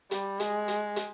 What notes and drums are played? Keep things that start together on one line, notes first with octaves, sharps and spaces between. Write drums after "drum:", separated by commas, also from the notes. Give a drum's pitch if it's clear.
G3, drum: hi-hat
G#3, drum: hi-hat
drum: hi-hat
drum: hi-hat